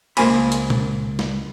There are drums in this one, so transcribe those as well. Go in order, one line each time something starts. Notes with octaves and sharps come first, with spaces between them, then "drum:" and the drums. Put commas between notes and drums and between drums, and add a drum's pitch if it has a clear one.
C#2 G#2 A#3 C5 G#5 B5, drum: cymbal
drum: hi-hat
drum: tom A#2
drum: snare G#3